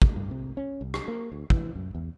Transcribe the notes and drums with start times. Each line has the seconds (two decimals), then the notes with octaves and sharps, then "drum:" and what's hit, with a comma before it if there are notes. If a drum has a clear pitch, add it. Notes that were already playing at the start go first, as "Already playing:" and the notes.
0.02 drum: kick
0.16 G2
0.31 C3
0.57 C#4
0.81 C2
0.94 drum: rim click
1.08 A#3
1.32 D2
1.50 E3, drum: kick
1.75 F#2
1.95 E2